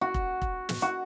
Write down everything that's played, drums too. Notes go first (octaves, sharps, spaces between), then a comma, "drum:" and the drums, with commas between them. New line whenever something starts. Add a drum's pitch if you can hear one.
F#4
drum: kick
drum: kick
drum: snare
F#4